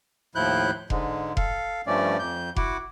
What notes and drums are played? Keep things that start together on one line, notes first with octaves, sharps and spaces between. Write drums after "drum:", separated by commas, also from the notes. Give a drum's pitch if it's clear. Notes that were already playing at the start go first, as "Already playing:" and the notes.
D#2 A2 F3 E4 F#6 G6
G#2 D3 G#3, drum: kick F1
A4 F5, drum: kick F1
G2 F3 A3 C#4 D5
F2 G6
E4 F#4 F#5 D6, drum: kick F1